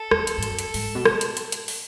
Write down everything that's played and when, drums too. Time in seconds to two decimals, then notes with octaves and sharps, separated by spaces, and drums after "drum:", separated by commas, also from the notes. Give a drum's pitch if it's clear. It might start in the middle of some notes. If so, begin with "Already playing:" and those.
Already playing: A4
0.11 E2, drum: rim click
0.27 drum: hi-hat
0.38 G#2
0.43 F#2, drum: hi-hat
0.59 drum: hi-hat
0.74 G#2, drum: open hi-hat
0.95 B2
1.05 drum: rim click
1.21 drum: hi-hat
1.37 drum: hi-hat
1.52 drum: hi-hat
1.68 drum: open hi-hat